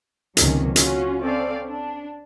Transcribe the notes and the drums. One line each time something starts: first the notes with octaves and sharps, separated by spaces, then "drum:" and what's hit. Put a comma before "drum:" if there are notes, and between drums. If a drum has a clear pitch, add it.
C#2 C3 D#3 F#3 A#3 C#4, drum: hi-hat
C#4 F4 F#4, drum: hi-hat
C4 C#4 A4 C5 D5 F5
D4